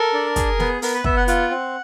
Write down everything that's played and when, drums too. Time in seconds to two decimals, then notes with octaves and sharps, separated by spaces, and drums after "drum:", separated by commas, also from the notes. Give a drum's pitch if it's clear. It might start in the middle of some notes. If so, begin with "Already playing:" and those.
Already playing: A4 A#4
0.13 D4
0.36 G#4, drum: kick, hi-hat
0.60 B3, drum: snare
0.82 B3 A#4, drum: open hi-hat
0.94 B4
1.04 B3 E5, drum: kick
1.17 F#5
1.28 F4 F#5, drum: hi-hat
1.51 C4